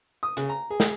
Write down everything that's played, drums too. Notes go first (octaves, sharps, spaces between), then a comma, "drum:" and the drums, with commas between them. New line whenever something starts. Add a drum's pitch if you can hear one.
D#6
C#3, drum: hi-hat
A#5
G#4
drum: snare